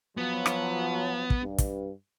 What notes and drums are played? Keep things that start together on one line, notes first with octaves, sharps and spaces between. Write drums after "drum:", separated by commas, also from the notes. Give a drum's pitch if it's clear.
F3 F#3 B3
drum: rim click
drum: kick
G2
drum: kick, hi-hat